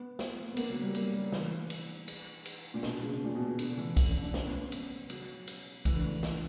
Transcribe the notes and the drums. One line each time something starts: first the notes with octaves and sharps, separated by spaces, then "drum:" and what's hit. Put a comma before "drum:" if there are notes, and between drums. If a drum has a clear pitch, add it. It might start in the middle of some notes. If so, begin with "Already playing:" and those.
Already playing: B3
drum: snare
B3
A#3, drum: cymbal
F#3
G3
A#3, drum: cymbal
G3
E3, drum: snare
drum: cymbal
drum: cymbal
drum: cymbal
A#2
B2, drum: snare
C#3
B2
A#2
B2
D3, drum: cymbal
E3
D3, drum: kick, cymbal
C#4
D4
C#4, drum: snare
B3
C#4
drum: cymbal
F#3, drum: cymbal
drum: cymbal
E3, drum: kick, cymbal
D3
E3
drum: snare